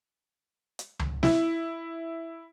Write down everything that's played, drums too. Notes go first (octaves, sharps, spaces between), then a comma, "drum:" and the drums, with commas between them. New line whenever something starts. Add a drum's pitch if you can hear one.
drum: hi-hat
drum: tom C#2
E4, drum: snare